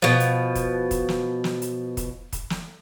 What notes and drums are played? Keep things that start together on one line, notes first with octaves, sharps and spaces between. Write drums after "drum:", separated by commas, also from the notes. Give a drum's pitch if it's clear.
B2 F3, drum: snare
drum: hi-hat
drum: kick, hi-hat
drum: kick, hi-hat
drum: snare
drum: snare
drum: hi-hat
drum: kick, hi-hat
drum: kick, hi-hat
drum: snare